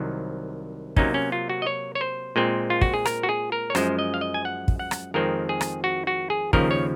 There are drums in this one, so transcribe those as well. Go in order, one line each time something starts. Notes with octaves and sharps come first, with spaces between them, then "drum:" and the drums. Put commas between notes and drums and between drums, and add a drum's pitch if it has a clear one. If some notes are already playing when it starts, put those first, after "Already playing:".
Already playing: C2 C3 D#3 F#3
C3 F#3 A#3 C#4 D#4, drum: kick
C#4
F4
F#4
D#5
C#5
C#5
C5
A#2 G#3 C4
F4
F#4, drum: kick
G#4
A#4, drum: rim click
F#4
G#4
A#4
C#5
F#2 F3 G#3 C5, drum: rim click
D#5
F5
D#5
G#5
F#5
drum: kick
F#5
drum: rim click
F2 D#3 G#3 C4 A#4
G#4
drum: rim click
F#4
F#4
G#4
D#2 C#3 F3 A#4, drum: kick
C#5